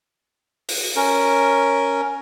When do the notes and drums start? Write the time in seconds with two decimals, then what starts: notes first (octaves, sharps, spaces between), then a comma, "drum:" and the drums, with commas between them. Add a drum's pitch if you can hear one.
0.69 drum: open hi-hat
0.96 C#4 A#4